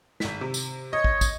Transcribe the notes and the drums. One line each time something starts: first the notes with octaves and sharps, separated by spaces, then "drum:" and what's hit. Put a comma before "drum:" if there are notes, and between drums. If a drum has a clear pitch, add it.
G#1 B6, drum: snare
C3
drum: tambourine
C#5 D#5
drum: kick
drum: kick, tambourine